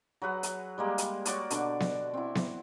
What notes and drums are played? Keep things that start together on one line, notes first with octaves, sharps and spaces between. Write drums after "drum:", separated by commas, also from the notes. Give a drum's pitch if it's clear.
F#3 G#4 B4 F#5
drum: hi-hat
G3 G#3 A#3
drum: hi-hat
F#4 C#5 D5, drum: hi-hat
B2 D3 D4 D6, drum: hi-hat
drum: snare B3
C4 E4
drum: snare B3